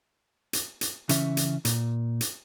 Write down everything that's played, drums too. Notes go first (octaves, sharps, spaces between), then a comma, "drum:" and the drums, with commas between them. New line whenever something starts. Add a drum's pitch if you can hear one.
drum: hi-hat
drum: hi-hat
C#3 E3 C#4 E5, drum: hi-hat
drum: hi-hat
A#2, drum: hi-hat
drum: hi-hat